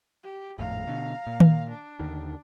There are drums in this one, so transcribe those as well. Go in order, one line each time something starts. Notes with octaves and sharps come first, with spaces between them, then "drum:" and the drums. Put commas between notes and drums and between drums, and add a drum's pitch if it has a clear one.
G4
G#1 F2 A2 F5 A#5
B2 D3
A#2
drum: tom D#3
D4
D#2 D3 D#3